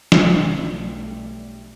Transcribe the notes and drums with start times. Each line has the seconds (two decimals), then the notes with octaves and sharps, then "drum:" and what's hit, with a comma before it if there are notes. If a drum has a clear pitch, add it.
0.12 B1 G3 A3, drum: snare